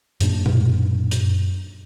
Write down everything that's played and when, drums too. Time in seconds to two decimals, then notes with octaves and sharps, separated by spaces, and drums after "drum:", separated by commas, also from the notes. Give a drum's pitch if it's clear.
0.21 F#2 A#2 D4, drum: hi-hat
0.46 drum: tom B2
1.11 drum: hi-hat